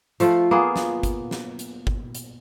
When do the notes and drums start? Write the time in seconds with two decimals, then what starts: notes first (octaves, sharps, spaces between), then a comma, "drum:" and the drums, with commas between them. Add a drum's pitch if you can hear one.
0.20 F3 A3 F4, drum: hi-hat
0.51 A#3 B3 F4 G#4
0.76 drum: snare
1.03 drum: kick, hi-hat
1.31 drum: snare
1.59 drum: hi-hat
1.87 drum: kick
2.15 drum: hi-hat